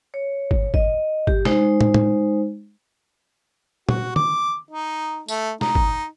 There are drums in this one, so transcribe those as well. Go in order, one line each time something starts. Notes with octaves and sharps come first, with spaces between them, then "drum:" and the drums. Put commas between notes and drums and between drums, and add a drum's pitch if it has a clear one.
C#5
drum: kick
D#5, drum: kick
G4, drum: kick
G#3 D#4 C5, drum: snare
drum: tom
drum: tom
F#4, drum: tom A#2
D6, drum: tom
D#4
A3, drum: tambourine
D#4, drum: snare
drum: kick